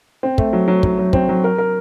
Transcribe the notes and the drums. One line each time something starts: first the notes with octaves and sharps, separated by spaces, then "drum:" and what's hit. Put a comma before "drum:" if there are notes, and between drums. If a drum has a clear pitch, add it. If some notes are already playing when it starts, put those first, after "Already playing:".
C4
A3, drum: kick
F#3
F#3
F#3, drum: kick
F#3
C4, drum: kick
F#3
A#4
A#4